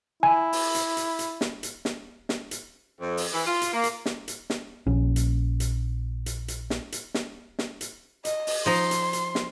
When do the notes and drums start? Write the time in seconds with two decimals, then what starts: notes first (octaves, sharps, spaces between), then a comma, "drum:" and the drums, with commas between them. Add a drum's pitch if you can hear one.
0.23 E4 G#5
0.53 drum: open hi-hat
0.75 drum: hi-hat
0.97 drum: hi-hat
1.19 drum: hi-hat
1.41 drum: snare
1.63 drum: hi-hat
1.85 drum: snare
2.29 drum: snare
2.51 drum: hi-hat
3.01 F2
3.17 drum: open hi-hat
3.33 E3
3.47 F4
3.61 drum: hi-hat
3.73 A#3
3.84 drum: hi-hat
4.06 drum: snare
4.28 drum: hi-hat
4.50 drum: snare
4.87 A#1 C#4
5.16 drum: hi-hat
5.60 drum: hi-hat
6.26 drum: hi-hat
6.48 drum: hi-hat
6.70 drum: snare
6.92 drum: hi-hat
7.14 drum: snare
7.59 drum: snare
7.81 drum: hi-hat
8.25 D#5, drum: hi-hat
8.47 drum: open hi-hat
8.66 F3 D#4 C6
8.91 drum: hi-hat
9.13 drum: hi-hat
9.35 drum: snare